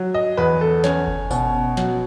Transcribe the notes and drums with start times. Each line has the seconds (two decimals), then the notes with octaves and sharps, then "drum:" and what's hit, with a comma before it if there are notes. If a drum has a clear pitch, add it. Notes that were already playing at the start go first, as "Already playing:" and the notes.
Already playing: F#3
0.14 D#5
0.37 E2 B4
0.61 A4
0.84 C#4 C#5, drum: snare
1.08 drum: kick F#1
1.31 B2, drum: kick F#1, tambourine
1.77 F#3, drum: snare